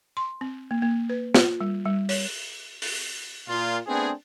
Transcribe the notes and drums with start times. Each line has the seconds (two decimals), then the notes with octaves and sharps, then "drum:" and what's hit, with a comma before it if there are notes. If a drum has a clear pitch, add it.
0.17 C6
0.41 C4
0.71 A#3
0.82 A#3
1.10 B4
1.35 F4, drum: snare
1.61 G3
1.85 G3
2.09 C#5, drum: open hi-hat
2.82 drum: open hi-hat
3.48 A#2 F4
3.88 A3 B3 C4 D4 G#4